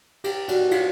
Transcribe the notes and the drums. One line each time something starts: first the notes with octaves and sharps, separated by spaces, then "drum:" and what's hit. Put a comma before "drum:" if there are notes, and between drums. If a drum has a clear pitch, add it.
G4, drum: cymbal
F#4, drum: cymbal
F4, drum: cymbal